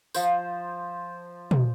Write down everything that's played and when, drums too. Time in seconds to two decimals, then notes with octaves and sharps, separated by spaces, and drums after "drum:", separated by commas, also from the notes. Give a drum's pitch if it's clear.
0.14 F3 C5, drum: tambourine
1.51 drum: tom